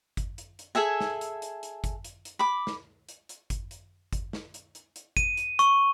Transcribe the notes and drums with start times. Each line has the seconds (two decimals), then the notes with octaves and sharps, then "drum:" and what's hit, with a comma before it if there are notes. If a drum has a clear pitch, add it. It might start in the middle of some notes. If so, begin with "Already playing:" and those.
0.17 drum: kick G1, hi-hat
0.38 drum: hi-hat
0.59 drum: hi-hat
0.75 G#4 A4 E5 G#5
1.01 drum: snare
1.21 drum: hi-hat
1.42 drum: hi-hat
1.63 drum: hi-hat
1.84 drum: kick G1, hi-hat
2.05 drum: hi-hat
2.25 drum: hi-hat
2.39 B5 D6
2.67 drum: snare
3.09 drum: hi-hat
3.29 drum: hi-hat
3.50 drum: kick G1, hi-hat
3.71 drum: hi-hat
4.13 drum: kick G1, hi-hat
4.33 drum: snare
4.54 drum: hi-hat
4.75 drum: hi-hat
4.96 drum: hi-hat
5.17 D#7, drum: kick G1, hi-hat
5.37 drum: hi-hat
5.59 C#6, drum: hi-hat